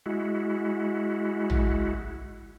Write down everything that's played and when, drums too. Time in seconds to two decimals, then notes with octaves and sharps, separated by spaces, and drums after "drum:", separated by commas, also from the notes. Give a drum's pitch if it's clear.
0.06 G#3 E4 F#4
1.50 drum: tom